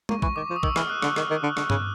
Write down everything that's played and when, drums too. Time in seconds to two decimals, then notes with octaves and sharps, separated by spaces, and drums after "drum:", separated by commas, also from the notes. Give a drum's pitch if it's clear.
0.09 A#3 C#6, drum: tom G#3
0.22 E3 C#6, drum: kick
0.36 D#3 D6
0.50 F3
0.56 D#6
0.63 D#3 E6, drum: kick
0.76 E3 F6, drum: rim click
0.90 F#6
1.02 D3 F#6, drum: rim click
1.16 D#3 F6, drum: rim click
1.30 D#3
1.43 D3
1.57 D3, drum: rim click
1.70 C#3 F#6, drum: tom G2